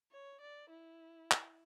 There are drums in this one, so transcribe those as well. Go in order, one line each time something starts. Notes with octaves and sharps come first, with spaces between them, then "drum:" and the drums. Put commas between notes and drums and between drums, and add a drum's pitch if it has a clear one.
C#5
D5
E4
drum: clap